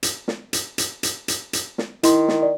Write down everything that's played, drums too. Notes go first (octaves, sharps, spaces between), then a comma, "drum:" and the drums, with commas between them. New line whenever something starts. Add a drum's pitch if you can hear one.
drum: hi-hat
drum: snare
drum: hi-hat
drum: hi-hat
drum: hi-hat
drum: hi-hat
drum: hi-hat
drum: snare
D#3 E4 C6, drum: hi-hat
drum: snare
D5